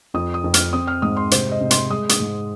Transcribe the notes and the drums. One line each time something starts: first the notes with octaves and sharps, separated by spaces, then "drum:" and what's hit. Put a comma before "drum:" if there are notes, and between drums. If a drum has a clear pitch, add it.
F2 D#6
D#6
F2
F6, drum: hi-hat
C4 D#6
F6
G#2 D#6
C6
C3 C5, drum: hi-hat
D#5
C3
C6, drum: hi-hat
G#3 D#6
D#6, drum: hi-hat
G#2